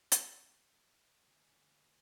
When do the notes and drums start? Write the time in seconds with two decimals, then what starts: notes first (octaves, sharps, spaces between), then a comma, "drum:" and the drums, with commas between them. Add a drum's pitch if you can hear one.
0.12 drum: hi-hat
1.27 D2 G#4